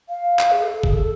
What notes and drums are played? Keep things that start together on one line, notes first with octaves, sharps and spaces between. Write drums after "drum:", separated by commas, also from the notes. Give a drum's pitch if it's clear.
F5
drum: clap
G#4
A4
A4
G#4, drum: kick
A4